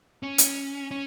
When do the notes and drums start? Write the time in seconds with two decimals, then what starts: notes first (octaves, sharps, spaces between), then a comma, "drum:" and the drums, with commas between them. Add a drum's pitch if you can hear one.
0.23 C#4
0.38 drum: hi-hat
0.91 C#4